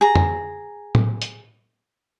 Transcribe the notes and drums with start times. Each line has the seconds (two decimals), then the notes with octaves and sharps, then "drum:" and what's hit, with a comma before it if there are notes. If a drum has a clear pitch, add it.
0.01 G#4 A#5
0.15 drum: tom F2
0.95 drum: tom A2
1.22 drum: hi-hat